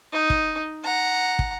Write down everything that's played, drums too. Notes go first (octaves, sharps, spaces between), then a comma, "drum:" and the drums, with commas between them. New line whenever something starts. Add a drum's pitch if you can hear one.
D#4
drum: kick
F#5 A#5
drum: kick